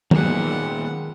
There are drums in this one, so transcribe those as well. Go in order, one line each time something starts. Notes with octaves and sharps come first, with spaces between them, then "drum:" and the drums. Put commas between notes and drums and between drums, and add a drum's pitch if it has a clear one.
D#2 A#2 D#3 F#3 G#3 B3 G#4 F#5, drum: tom